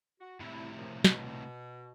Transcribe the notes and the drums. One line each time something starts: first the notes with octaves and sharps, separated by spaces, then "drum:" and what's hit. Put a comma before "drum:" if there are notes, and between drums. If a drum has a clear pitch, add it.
F#4
A2 C3 E4
A#2 F3
B2, drum: snare